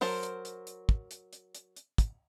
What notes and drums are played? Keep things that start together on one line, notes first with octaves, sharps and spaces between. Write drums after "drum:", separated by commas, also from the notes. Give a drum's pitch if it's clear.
F#3 A#4 C5 A5, drum: open hi-hat
drum: hi-hat
drum: hi-hat
drum: hi-hat
drum: kick
drum: hi-hat
drum: hi-hat
drum: hi-hat
drum: hi-hat
drum: kick, hi-hat